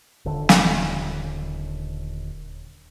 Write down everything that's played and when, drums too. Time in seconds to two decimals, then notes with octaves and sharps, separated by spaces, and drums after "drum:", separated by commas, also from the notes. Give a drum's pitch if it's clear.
0.25 D#1 D3
0.49 drum: snare